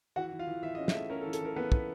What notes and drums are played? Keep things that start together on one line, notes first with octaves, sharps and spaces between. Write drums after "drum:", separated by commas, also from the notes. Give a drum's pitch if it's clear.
E3 F#4 F#5
E3
F4 F5
E3
E3 E5
C#4 D#5
E4 E5, drum: snare
A3
C#4 A#4
A4
E3
A4, drum: hi-hat
E3 A#4
E3 B3 B4
E3, drum: kick